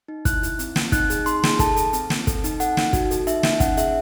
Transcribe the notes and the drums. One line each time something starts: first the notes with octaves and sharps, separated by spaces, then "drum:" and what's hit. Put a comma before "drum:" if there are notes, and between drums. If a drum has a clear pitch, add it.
D#4
E4 F#6, drum: kick, hi-hat
E4, drum: hi-hat
C4, drum: hi-hat
C4, drum: snare
D#4 F#6, drum: kick, hi-hat
G#4, drum: hi-hat
D#4 C6, drum: hi-hat
G#4, drum: snare
A4 A5, drum: kick, hi-hat
A4, drum: hi-hat
C4, drum: hi-hat
C4, drum: snare
A4, drum: kick, hi-hat
D#4, drum: hi-hat
A4 F#5, drum: hi-hat
D#4, drum: snare
F#4, drum: kick, hi-hat
A4, drum: hi-hat
D#4 E5, drum: hi-hat
D#4, drum: snare
C#4 F#5, drum: kick, hi-hat
G#4 E5, drum: hi-hat